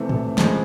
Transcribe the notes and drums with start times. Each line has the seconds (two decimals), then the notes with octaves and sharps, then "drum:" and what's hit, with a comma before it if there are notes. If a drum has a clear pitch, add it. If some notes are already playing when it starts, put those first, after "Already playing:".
Already playing: C3 E3 A3 C4
0.09 drum: tom G#2
0.38 C#3 F3 G#3 C4, drum: snare